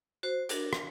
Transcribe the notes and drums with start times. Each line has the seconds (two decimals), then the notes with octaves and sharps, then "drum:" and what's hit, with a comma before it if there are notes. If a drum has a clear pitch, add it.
0.23 F#4 C5
0.49 D4 F#4 A#4, drum: hi-hat
0.73 drum: rim click